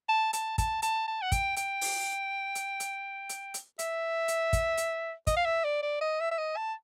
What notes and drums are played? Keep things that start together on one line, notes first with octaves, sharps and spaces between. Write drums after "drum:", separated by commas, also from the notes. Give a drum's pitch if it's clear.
A5
A5, drum: hi-hat
A5, drum: kick, hi-hat
A5, drum: hi-hat
A5
F#5
G5, drum: kick, hi-hat
G5, drum: hi-hat
drum: open hi-hat
drum: hi-hat
drum: hi-hat
drum: hi-hat
drum: hi-hat
E5, drum: hi-hat
drum: hi-hat
drum: kick, hi-hat
drum: hi-hat
D#5, drum: kick, hi-hat
F5
E5
D5
D5
D#5
E5
E5
D#5
A5